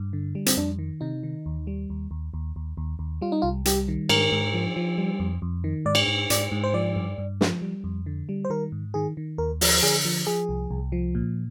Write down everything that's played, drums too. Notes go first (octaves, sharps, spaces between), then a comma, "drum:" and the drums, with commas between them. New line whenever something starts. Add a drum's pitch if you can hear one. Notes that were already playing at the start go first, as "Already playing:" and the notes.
Already playing: G2
D3
G3
C4, drum: hi-hat
F2 D4
D#3
C3 D#4
D#3
D#2
G3
D#2
D#2
D#2
D#2
D#2
D#2
G3 F4
D#4
C2 F4
G3 G4, drum: hi-hat
D#3
G#2 A#4, drum: cymbal
G#2
F3
F3
G3
F2
F2
D#3
G#2 D5
drum: cymbal
G#2
G#2 D5, drum: hi-hat
G#2
C5
F3 D5
G2
G2
F3, drum: snare
G3
F2
D3
G3
C5
D#3 A#4
G#2
D#3 G#4
D#3
D#2 A#4
F3, drum: open hi-hat
D3 G#4
F3
F3 G#4
C2
C2
F3
A#2